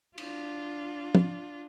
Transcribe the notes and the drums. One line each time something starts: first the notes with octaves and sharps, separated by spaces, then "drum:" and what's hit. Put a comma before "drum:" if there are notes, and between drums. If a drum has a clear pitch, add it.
D4 F4, drum: cymbal
drum: tom